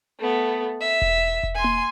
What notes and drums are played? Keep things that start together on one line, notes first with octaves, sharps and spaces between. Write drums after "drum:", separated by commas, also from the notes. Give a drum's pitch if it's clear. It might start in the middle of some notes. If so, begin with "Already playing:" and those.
A3 B3
E5
drum: kick E1
drum: kick E1
G#5 C6
drum: tom A#3